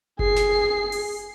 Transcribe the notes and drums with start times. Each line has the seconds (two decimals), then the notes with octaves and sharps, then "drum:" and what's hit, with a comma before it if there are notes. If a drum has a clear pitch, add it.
0.19 G#4 C7, drum: kick F#1
0.36 drum: snare
0.92 drum: open hi-hat